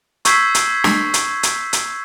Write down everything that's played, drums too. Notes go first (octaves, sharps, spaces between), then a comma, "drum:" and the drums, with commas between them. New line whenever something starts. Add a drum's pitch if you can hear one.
C#6 E6 G6 G#6 B6 C7, drum: hi-hat
drum: hi-hat
drum: snare
drum: hi-hat
drum: hi-hat
drum: hi-hat